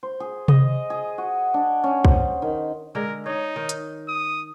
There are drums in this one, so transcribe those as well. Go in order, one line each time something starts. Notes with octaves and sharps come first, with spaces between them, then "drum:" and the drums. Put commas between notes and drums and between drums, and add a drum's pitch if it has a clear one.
C5
G#4
D#5, drum: tom C3
G#4
F#4
D4
C#4
C5, drum: kick C2
D#3
D3 G#3 A#4
D#4 C#5 D#5
D#3
drum: hi-hat
D#6